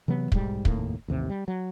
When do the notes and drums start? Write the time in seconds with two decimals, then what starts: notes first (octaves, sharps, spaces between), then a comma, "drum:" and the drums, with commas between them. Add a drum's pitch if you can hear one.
0.08 C3 E3 F#3 B3
0.32 B1 G#2 G3, drum: kick
0.65 F1 D#2 A2 A#3, drum: kick
1.08 A1 D#2 C3
1.29 G3
1.48 F#3